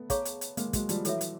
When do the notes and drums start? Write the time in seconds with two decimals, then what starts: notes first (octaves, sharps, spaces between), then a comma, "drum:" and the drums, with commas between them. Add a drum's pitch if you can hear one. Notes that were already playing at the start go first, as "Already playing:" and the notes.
Already playing: A3 B3
0.10 G#4 C#5 F5 A#5 C#6, drum: kick, hi-hat
0.25 drum: hi-hat
0.41 drum: hi-hat
0.57 G#3 A#3, drum: hi-hat
0.73 F#3 G#3, drum: kick, hi-hat
0.89 F3 G3, drum: hi-hat
1.05 E3 F#3 A4 C#5 E5, drum: hi-hat
1.21 drum: hi-hat